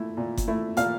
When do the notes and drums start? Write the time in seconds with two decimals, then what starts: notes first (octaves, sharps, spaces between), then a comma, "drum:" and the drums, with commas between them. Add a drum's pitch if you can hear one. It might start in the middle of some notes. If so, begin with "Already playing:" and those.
Already playing: A#2 A3 E4
0.17 A#2
0.37 drum: kick F#1, hi-hat
0.48 A3 E4
0.77 A#2 F5, drum: hi-hat